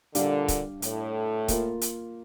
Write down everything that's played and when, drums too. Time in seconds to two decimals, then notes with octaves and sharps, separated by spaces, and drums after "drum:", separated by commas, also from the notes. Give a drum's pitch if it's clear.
0.15 A#2 D3 G3 D4 G4 D5 F5, drum: hi-hat
0.48 drum: kick C#1, hi-hat
0.82 A2, drum: hi-hat
1.48 A#3 F4 A#4, drum: kick C#1, hi-hat
1.81 drum: hi-hat